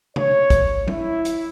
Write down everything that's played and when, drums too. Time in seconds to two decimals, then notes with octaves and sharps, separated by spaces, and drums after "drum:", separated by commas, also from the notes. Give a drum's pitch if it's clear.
0.16 C#5, drum: tom C3
0.50 drum: kick, hi-hat
0.88 E4, drum: tom
1.25 drum: hi-hat